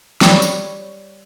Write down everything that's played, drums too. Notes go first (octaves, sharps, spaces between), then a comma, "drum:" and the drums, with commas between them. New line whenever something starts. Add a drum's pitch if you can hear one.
G3 B4 C#5, drum: snare
drum: tambourine